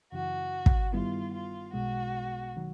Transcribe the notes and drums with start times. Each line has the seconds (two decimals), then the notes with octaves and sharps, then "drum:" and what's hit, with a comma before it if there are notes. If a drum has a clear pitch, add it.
0.12 F#2 C#3 E3 F#4
0.66 drum: kick
0.93 G2 D#3 G3 B3 E4 F4
1.33 F4
1.73 B1 B2 G#3 F#4
2.57 D#3 F#3